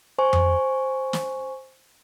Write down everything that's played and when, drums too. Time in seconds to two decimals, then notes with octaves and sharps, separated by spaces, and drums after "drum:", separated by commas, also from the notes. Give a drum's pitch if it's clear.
0.18 C5 G#5 C#6
0.33 drum: tom F2
1.13 drum: snare